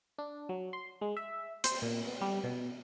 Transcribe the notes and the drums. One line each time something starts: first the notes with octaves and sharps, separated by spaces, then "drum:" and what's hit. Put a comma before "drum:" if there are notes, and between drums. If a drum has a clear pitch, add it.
D4
F#3
C6
G#3
E5
C5, drum: hi-hat
A#2
B3
G3
B2